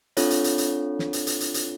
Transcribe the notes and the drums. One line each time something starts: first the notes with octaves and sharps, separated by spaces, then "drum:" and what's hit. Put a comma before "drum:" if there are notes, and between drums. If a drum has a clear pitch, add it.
C4 D4 F4 A4 C#5, drum: hi-hat
drum: hi-hat
drum: hi-hat
drum: hi-hat
drum: snare
drum: hi-hat
drum: hi-hat
drum: hi-hat
drum: hi-hat